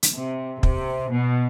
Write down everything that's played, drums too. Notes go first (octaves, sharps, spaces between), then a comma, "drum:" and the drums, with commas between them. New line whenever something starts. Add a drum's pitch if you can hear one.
drum: hi-hat
C3
C3, drum: kick
B2